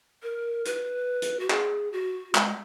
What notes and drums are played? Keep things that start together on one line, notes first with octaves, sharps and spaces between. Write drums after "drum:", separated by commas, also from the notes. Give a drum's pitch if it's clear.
A#4
B4, drum: hi-hat
drum: hi-hat
F#4
G#4, drum: clap
F#4
G#3, drum: clap